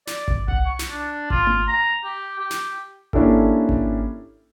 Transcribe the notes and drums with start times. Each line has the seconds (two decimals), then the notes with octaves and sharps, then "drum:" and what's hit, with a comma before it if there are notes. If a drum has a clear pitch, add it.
0.07 D5, drum: snare
0.28 drum: kick G#1
0.48 F#5, drum: tom C2
0.66 C#6
0.79 drum: snare
0.90 D4
1.30 F4, drum: kick G#1
1.47 drum: tom A3
1.68 A#5
2.04 G4
2.39 G4
2.51 drum: snare
3.13 A#3 C#4 D4 E4 G4 A4, drum: kick G#1
3.69 drum: kick G#1